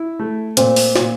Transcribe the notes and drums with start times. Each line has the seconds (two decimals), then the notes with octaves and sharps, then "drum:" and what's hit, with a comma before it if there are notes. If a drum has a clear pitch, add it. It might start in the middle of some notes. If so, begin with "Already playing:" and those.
Already playing: E4
0.20 A3
0.57 A#2 C4, drum: hi-hat
0.76 drum: open hi-hat
0.95 A#2, drum: snare